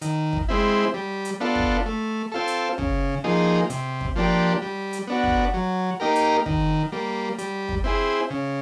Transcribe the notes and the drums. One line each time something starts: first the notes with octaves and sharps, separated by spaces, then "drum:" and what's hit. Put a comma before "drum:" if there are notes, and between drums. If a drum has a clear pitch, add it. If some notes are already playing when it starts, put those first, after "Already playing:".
D#3, drum: hi-hat
drum: kick
G#3 C4 E4
G3
drum: hi-hat
B3 D4 F4 A4
drum: kick
A3
C4 F4 A4
drum: hi-hat
C#3, drum: kick
F3 A#3 D#4 G#4
C3, drum: hi-hat
drum: kick
F3 A#3 D4 G4
G3
drum: hi-hat
B3 D4 F#4
drum: kick
F#3
A#3 D#4 G4 A#4
drum: hi-hat
D#3, drum: kick
G3 A#3
G3, drum: hi-hat
drum: kick
C4 E4 G#4
C#3